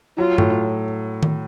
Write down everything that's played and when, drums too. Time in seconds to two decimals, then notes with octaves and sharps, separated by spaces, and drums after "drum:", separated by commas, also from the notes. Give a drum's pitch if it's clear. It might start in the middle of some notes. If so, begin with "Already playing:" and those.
0.18 F#3 F4
0.38 A2, drum: tom G2
1.23 drum: tom D#3